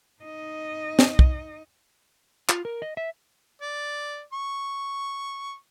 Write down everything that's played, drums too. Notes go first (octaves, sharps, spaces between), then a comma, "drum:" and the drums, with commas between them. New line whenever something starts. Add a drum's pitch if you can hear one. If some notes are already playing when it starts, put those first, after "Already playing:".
D#4 D#5
drum: snare
drum: kick
F4, drum: clap
A#4
D#5
E5
D5
C#6